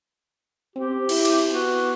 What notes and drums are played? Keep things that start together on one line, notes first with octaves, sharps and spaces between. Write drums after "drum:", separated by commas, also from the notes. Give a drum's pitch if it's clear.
C4 G4
E4, drum: cymbal
drum: cymbal
B3 F#4